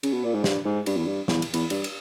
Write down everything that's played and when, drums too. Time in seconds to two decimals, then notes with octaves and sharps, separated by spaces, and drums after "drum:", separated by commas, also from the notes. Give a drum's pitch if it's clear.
0.03 C#3, drum: cymbal
0.13 B2
0.24 A#2
0.34 G#2
0.44 G2, drum: snare
0.65 G#2
0.86 G2, drum: cymbal
0.97 E2
1.07 G2
1.28 E2, drum: snare
1.42 drum: cymbal
1.54 E2, drum: cymbal
1.70 G2, drum: cymbal
1.84 drum: cymbal